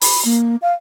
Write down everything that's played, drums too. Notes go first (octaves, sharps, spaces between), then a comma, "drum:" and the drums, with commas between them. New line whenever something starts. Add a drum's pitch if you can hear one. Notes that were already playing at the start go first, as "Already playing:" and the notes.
B5, drum: open hi-hat
A#3
F5